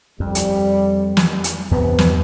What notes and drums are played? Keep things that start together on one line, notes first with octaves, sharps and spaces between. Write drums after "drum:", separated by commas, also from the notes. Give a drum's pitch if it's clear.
F2 G3
drum: hi-hat
drum: snare
drum: hi-hat
E2 G2 C3 B3 B4
drum: snare